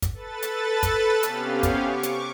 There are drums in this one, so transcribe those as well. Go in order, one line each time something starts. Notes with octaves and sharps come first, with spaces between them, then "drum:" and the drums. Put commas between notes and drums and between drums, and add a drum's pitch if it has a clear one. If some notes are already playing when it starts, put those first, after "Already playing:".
drum: kick, hi-hat
A4 B4 A6
drum: hi-hat
drum: kick, hi-hat
C3 B3 C#4 G4 F5, drum: hi-hat
drum: kick, hi-hat
C#6 D6
drum: hi-hat